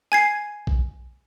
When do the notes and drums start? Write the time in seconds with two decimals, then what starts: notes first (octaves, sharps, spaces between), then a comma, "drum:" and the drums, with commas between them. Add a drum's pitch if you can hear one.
0.12 G#5 G#6 C7
0.67 drum: kick A#1